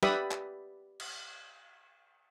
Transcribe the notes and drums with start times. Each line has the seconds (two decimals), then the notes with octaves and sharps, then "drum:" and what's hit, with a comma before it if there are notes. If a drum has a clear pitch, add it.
0.03 G4 B4 D5 E5 B5 D#6, drum: snare
0.31 drum: clap
1.00 drum: cymbal